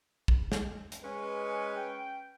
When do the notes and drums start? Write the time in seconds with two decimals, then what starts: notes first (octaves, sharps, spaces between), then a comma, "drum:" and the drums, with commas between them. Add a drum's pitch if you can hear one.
0.28 drum: kick
0.52 drum: snare
0.92 drum: hi-hat
1.03 G#3 C#4 B4
1.76 G5